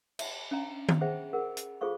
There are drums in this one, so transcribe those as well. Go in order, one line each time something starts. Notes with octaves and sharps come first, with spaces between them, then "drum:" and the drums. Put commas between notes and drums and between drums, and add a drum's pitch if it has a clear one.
E5, drum: cymbal
C#4 D4 F5 A#5
drum: tom D#3
G#4 C5 E5 F#5 G5
G#4 A#4 F#5
drum: hi-hat
F4 G#4 A4 C5 F5 C#6